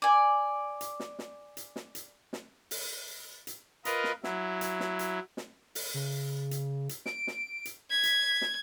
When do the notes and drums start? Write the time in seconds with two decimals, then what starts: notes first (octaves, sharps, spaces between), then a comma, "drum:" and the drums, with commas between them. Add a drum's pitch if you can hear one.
0.02 D5 G#5
0.81 drum: hi-hat
1.00 drum: snare
1.19 drum: snare
1.57 drum: hi-hat
1.76 drum: snare
1.95 drum: hi-hat
2.33 drum: snare
2.71 drum: open hi-hat
3.47 drum: hi-hat
3.85 F4 A#4 B4 D#5, drum: hi-hat
4.04 drum: snare
4.24 F#3 E4, drum: snare
4.61 drum: hi-hat
4.80 drum: snare
4.99 drum: hi-hat
5.37 drum: snare
5.75 drum: open hi-hat
5.94 C#3
6.51 drum: hi-hat
6.89 drum: hi-hat
7.06 D7, drum: snare
7.27 drum: snare
7.65 drum: hi-hat
7.90 G#6 B6
8.03 drum: hi-hat
8.41 drum: snare